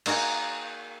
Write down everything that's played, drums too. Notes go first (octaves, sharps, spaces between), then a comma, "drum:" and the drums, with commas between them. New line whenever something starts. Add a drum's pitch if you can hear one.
A#3 D#4 F#4 G#4 A#4, drum: cymbal